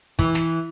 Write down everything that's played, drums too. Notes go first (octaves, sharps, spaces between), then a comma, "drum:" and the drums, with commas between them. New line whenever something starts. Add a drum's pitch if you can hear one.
E3, drum: kick
drum: snare